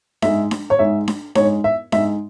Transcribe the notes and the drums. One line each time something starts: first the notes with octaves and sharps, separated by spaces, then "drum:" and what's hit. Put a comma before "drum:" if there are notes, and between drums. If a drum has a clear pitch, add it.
G#2 G#3 E5, drum: snare D4
drum: snare D4
C#5
G#2 G#3 E5
drum: snare D4
G#2 G#3 C#5, drum: snare D4
E5
G#2 G#3 E5, drum: snare D4